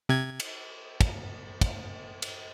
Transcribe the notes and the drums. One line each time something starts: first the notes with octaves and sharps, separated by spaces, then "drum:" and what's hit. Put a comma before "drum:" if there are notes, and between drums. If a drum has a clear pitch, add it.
C3 G#6
drum: cymbal
drum: kick, cymbal
drum: kick, cymbal
drum: cymbal